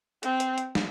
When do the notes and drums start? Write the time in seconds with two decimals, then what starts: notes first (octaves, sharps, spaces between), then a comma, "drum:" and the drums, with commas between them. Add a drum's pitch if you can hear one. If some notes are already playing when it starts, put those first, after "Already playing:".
0.23 C4, drum: hi-hat
0.40 drum: hi-hat
0.58 drum: hi-hat
0.75 drum: snare